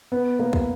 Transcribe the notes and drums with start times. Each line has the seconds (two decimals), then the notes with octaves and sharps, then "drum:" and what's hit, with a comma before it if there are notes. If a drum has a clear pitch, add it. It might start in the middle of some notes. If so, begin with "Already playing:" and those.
0.12 B3
0.39 A#3
0.53 drum: kick